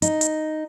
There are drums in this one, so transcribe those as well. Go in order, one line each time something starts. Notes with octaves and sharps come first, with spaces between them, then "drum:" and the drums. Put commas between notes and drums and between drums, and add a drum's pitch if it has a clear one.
D#4, drum: hi-hat
drum: hi-hat